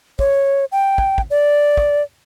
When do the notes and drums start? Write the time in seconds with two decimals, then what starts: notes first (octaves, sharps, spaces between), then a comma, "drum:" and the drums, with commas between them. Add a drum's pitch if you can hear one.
0.19 C#5, drum: kick
0.72 G5
0.98 drum: kick
1.18 drum: kick
1.30 D5
1.77 drum: kick